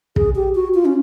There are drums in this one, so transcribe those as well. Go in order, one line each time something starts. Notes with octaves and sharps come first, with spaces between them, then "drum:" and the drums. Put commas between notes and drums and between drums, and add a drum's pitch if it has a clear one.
G#4, drum: kick
G4
F#4
F4
C#4